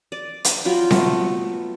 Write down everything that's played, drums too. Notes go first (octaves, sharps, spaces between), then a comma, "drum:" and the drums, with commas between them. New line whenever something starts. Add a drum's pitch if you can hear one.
D5
drum: hi-hat
F#3 F4 G5 B5
A3 B3, drum: snare C4